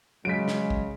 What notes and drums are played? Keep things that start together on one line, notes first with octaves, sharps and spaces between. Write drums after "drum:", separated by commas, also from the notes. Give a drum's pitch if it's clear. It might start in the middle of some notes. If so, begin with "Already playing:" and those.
C#3 F#3 G#3 B6 D7
drum: snare
drum: kick